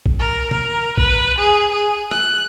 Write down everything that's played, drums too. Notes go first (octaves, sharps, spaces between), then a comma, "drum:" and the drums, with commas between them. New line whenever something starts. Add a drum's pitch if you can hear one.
drum: kick A#1
A#4
A#4, drum: tom
B4, drum: kick A#1
G#4
G#4
F#6, drum: rim click